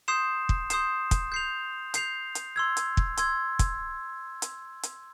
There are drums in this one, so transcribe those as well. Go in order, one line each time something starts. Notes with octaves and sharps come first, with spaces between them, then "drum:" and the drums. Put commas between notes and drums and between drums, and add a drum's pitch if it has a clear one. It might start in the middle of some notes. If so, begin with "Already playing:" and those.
C6 D#6 G6 C7 E7
drum: kick
C6 D#6 G6 C7 E7, drum: hi-hat
drum: kick, hi-hat
G6 C7 F7
G6 C7 F7, drum: hi-hat
drum: hi-hat
C6 E6 G#6
drum: hi-hat
drum: kick
C6 E6 G#6, drum: hi-hat
drum: kick, hi-hat
drum: hi-hat
drum: hi-hat